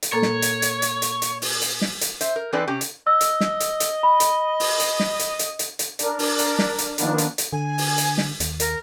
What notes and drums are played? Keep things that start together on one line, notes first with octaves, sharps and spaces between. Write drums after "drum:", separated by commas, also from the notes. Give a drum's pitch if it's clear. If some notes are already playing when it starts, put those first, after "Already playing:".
drum: hi-hat
A#2 A#3 A4 C#5
drum: snare
drum: hi-hat
drum: hi-hat
drum: hi-hat
drum: hi-hat
drum: hi-hat
drum: open hi-hat
drum: hi-hat
drum: snare
drum: hi-hat
C5 E5, drum: hi-hat
A#4
E3 C4 D#4 A4 B4 D5
C3 C#4 G4
drum: hi-hat
D#5 E6
drum: hi-hat
drum: snare
drum: hi-hat
drum: hi-hat
B5
drum: hi-hat
drum: open hi-hat
drum: hi-hat
drum: snare
drum: hi-hat
drum: hi-hat
drum: hi-hat
drum: hi-hat
D4 A#4 D5, drum: hi-hat
drum: open hi-hat
drum: hi-hat
drum: snare
drum: hi-hat
D#3 F3 A#3 B3 D4, drum: hi-hat
drum: hi-hat
drum: hi-hat
D3 G#5
drum: open hi-hat
drum: hi-hat
drum: snare
D#2, drum: hi-hat
A#4, drum: hi-hat